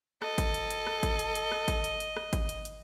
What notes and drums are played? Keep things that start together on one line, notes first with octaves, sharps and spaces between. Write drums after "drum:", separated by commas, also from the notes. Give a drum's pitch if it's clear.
A4 D#5, drum: rim click
drum: kick, hi-hat
drum: hi-hat
drum: hi-hat
drum: rim click
drum: kick, hi-hat
drum: hi-hat
drum: hi-hat
drum: rim click
drum: kick, hi-hat
drum: hi-hat
drum: hi-hat
drum: rim click
drum: kick, hi-hat
drum: hi-hat
drum: hi-hat